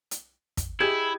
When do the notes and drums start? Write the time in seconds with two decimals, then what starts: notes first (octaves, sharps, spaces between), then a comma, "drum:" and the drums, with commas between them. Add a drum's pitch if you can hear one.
0.11 drum: hi-hat
0.57 drum: kick, hi-hat
0.80 E4 G4 G#4 D#5 G#6